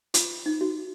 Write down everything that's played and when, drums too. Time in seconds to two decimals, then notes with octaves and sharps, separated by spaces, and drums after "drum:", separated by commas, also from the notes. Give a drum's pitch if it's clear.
0.14 F4, drum: hi-hat
0.46 D#4
0.61 F#4